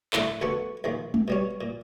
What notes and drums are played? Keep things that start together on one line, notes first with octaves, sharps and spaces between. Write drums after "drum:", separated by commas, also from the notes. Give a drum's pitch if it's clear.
A2 D3 A3, drum: clap
D2 B3 A4 F#5 C#6
A#1 D#3 F3
drum: tom
B2 G3 C#4
A#2